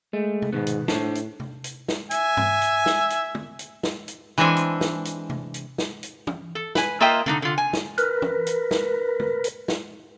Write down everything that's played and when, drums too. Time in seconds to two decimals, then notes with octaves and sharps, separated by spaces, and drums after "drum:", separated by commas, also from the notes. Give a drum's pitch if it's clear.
0.13 G#3 A3
0.42 drum: tom C3
0.53 G#2 B2 D#3 B3
0.67 drum: hi-hat
0.88 A2 D4 C5 A5, drum: snare
1.15 drum: hi-hat
1.40 drum: tom C3
1.64 drum: hi-hat
1.88 drum: snare
2.11 E5 G#5, drum: hi-hat
2.37 drum: tom G2
2.62 drum: hi-hat
2.86 drum: snare
3.10 drum: hi-hat
3.35 drum: tom
3.59 drum: hi-hat
3.83 drum: snare
4.08 drum: hi-hat
4.38 E3 G#3 C4 D4 A4 G#5
4.57 drum: hi-hat
4.81 drum: snare
5.05 drum: hi-hat
5.30 drum: tom C3
5.54 drum: hi-hat
5.78 drum: snare
6.03 drum: hi-hat
6.27 drum: tom
6.55 A4
6.75 B4 G#5, drum: snare
7.00 A#3 F4 D#5 E5 G5
7.26 D3 D4 D#4, drum: tom C3
7.42 D3 F4
7.58 G#5
7.73 drum: snare
7.98 A#4 B4, drum: hi-hat
8.22 drum: tom
8.46 drum: hi-hat
8.71 drum: snare
9.20 drum: tom
9.44 drum: hi-hat
9.68 drum: snare